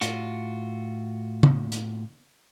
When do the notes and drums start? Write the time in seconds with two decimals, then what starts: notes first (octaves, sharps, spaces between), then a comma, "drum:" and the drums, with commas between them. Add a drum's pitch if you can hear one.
0.01 A2 F4 F#4, drum: hi-hat
1.43 drum: tom
1.72 drum: hi-hat